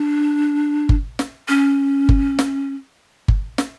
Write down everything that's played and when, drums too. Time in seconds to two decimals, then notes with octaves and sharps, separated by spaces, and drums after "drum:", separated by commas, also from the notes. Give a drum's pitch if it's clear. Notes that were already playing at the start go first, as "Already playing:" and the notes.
Already playing: D4
0.89 drum: kick G1
1.19 drum: snare
1.48 C#4
2.09 drum: kick G1
2.39 drum: snare
3.28 drum: kick G1
3.58 drum: snare